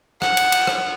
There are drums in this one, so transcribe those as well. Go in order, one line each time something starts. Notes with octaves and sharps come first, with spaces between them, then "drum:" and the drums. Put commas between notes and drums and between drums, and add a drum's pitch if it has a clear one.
F#5, drum: rim click
drum: cymbal
drum: cymbal
drum: rim click